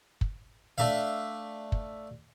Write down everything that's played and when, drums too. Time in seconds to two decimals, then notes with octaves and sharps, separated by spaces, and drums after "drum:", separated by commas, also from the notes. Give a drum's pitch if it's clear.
0.21 drum: kick
0.78 A3 D4 E5 F5
1.72 drum: kick